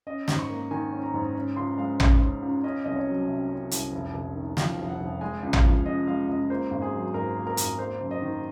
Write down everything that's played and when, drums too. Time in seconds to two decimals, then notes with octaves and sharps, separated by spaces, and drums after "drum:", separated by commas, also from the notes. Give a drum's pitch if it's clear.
0.07 C#4 D#5
0.28 G#2, drum: snare
0.39 C#6
0.49 A#3
0.71 D#3 G#5
0.93 C#4
1.03 A#5
1.14 G#2
1.35 C#4
1.56 C#2 C6
1.78 G#3 F5
2.00 C#3, drum: tom
2.21 C#4
2.42 C#2
2.64 C#4 D#5
2.84 C2 D#5
2.96 C#5
3.07 F#3
3.28 C3
3.49 C#4
3.71 C2, drum: hi-hat
3.92 F1
4.14 F1
4.35 D#3
4.57 F2 F5, drum: snare
4.78 F1
4.89 F#5
5.00 F1
5.21 G#3 G#5
5.43 C#2
5.53 F5, drum: tom
5.64 F3
5.85 C#3 D#5
6.07 G#3 F5
6.28 C#2 D#5
6.50 A#3 C5
6.71 G#1
6.82 G#4
6.93 F#3
7.14 G#2 A#4
7.36 A#3
7.47 A#4
7.57 G#1, drum: hi-hat
7.78 A#3 C5
8.00 F#1
8.11 D#5
8.22 D#3